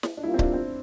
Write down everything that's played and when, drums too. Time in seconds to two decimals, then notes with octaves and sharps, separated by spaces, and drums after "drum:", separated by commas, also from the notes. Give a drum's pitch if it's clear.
0.03 drum: snare
0.17 D4
0.23 G3 A#3 E4 F4
0.34 C4
0.39 D4, drum: kick C#1
0.53 C4